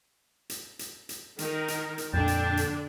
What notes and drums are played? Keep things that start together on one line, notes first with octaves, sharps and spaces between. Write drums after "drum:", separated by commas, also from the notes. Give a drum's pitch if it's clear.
drum: hi-hat
drum: hi-hat
drum: hi-hat
D#3 D#4 A#4, drum: hi-hat
drum: hi-hat
drum: hi-hat
F2 A#2 D3 D4 G5 A5
drum: hi-hat
drum: hi-hat